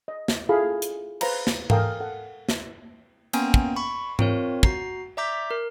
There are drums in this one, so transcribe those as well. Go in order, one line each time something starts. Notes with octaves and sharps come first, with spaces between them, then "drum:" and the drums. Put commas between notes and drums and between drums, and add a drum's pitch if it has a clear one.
D#5
drum: snare
E4 F4 G#4 A4 F5 B5
drum: hi-hat
B4 C5 F5 A#5 B5, drum: cymbal
drum: snare
A4 A#4 F5 G5 G#5 D#6, drum: tom G#2
A4 F#5
drum: snare
A#3 B3 C#4 G5 G#5 A#5, drum: cymbal
drum: kick
B5 C#6
C4 F4 A#4 C#5, drum: tom G#2
F#4 A#5 C7, drum: kick
D5 E5 A#5 D6 G6 B6
A#4